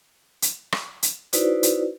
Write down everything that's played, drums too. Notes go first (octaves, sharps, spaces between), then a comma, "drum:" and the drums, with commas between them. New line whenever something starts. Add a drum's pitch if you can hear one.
drum: hi-hat
drum: rim click
drum: hi-hat
D#4 E4 F#4 B4 C5 D5, drum: hi-hat
drum: hi-hat